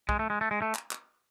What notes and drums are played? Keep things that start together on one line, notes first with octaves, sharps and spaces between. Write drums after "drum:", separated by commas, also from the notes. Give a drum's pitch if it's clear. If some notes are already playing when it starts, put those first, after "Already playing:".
G#3, drum: kick
A3
G#3
A3
G#3
A3
drum: clap
drum: clap